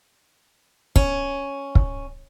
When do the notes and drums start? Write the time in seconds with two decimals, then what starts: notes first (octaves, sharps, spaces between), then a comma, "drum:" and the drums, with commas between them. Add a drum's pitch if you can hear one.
0.96 C#4, drum: kick
1.75 drum: kick